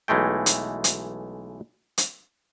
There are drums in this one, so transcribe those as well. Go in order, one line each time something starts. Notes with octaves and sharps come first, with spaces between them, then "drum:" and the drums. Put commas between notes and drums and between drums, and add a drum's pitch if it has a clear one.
B1 E3 G#3 A3 G5
drum: hi-hat
drum: hi-hat
drum: hi-hat